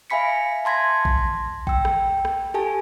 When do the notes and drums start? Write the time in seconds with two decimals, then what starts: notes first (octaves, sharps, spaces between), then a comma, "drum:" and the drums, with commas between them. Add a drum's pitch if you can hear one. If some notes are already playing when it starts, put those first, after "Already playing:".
0.10 E5 F5 G#5 B5 B6 C#7
0.65 A5 C6 G#6 A#6 B6
1.05 drum: kick A#1
1.67 G5 E6, drum: kick A#1
1.85 drum: rim click
2.25 drum: rim click
2.54 G4 A4 G#5 A5